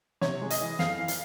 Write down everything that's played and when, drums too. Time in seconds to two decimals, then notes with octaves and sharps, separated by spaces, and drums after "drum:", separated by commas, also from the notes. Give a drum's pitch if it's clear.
0.21 C3 C#5, drum: snare
0.41 G#3
0.50 D#5, drum: hi-hat
0.60 E3
0.79 F2 F5, drum: snare
0.98 E3
1.08 drum: hi-hat